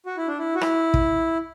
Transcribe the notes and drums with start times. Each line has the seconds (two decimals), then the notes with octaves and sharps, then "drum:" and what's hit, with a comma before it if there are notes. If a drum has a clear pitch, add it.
0.06 F#4
0.17 E4
0.27 D4
0.38 E4
0.55 F#4
0.61 E4, drum: rim click
0.94 drum: kick